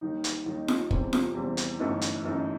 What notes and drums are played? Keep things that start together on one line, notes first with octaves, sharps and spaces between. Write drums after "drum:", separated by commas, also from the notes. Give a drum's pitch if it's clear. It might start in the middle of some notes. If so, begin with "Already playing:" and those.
D#2 D#3 G3 D#4
drum: hi-hat
D#2 D#3 G3 D#4
drum: snare F4
E2 C3 E3 G3 C4, drum: kick
drum: snare F4
E2 C3 E3 G3 C4
drum: hi-hat
G1 F#2 E3 A3 D#4
drum: hi-hat
G1 F#2 E3 A3 D#4